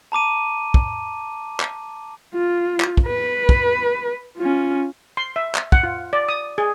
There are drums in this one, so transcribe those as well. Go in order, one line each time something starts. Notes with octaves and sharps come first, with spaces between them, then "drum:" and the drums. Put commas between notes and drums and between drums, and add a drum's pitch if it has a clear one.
A5 A#5 D6 D#7
drum: kick
drum: clap
F4
drum: clap
drum: kick
B4
drum: kick
C#4 F4
C6
E5
drum: clap
F#5, drum: kick
F4
D5
D#6
G#4